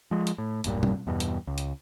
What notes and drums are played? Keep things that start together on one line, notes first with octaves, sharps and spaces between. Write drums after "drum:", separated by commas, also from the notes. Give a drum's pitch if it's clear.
F3 G#3
drum: hi-hat
A2
E1 B1 G2 A#2, drum: hi-hat
drum: tom
E2 G2 B2
drum: hi-hat
C#2
drum: hi-hat